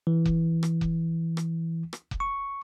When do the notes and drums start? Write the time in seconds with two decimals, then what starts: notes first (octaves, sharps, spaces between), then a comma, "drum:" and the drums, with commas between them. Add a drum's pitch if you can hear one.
0.07 E3
0.25 drum: kick F1
0.63 drum: rim click
0.81 drum: kick F1
1.37 drum: rim click
1.93 drum: rim click
2.11 drum: kick F1
2.20 C#6